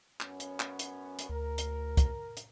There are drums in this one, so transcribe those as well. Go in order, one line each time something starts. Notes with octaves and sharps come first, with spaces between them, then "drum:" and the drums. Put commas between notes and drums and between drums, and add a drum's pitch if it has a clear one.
F#2 B3 C#4, drum: clap
drum: hi-hat
drum: clap
drum: hi-hat
drum: hi-hat
D2 A#4
drum: hi-hat
drum: kick, hi-hat
drum: hi-hat